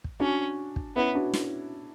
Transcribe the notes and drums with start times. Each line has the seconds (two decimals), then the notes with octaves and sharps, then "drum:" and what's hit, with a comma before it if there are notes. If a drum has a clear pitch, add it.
0.04 drum: kick
0.20 C#4 D4 F#4
0.76 drum: kick
0.96 B3 C#4 E4
1.15 D4 F#4
1.34 drum: snare